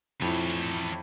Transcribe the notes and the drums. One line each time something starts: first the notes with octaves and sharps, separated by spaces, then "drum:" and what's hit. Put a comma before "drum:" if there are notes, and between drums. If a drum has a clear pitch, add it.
F2 E3 E4 C#5, drum: hi-hat
drum: hi-hat
drum: hi-hat